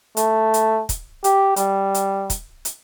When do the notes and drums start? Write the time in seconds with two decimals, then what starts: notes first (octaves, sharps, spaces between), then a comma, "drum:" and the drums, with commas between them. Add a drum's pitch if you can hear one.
0.17 A3, drum: hi-hat
0.54 drum: hi-hat
0.89 drum: kick, hi-hat
1.24 G4, drum: hi-hat
1.56 G3, drum: hi-hat
1.94 drum: hi-hat
2.30 drum: kick, hi-hat
2.65 drum: hi-hat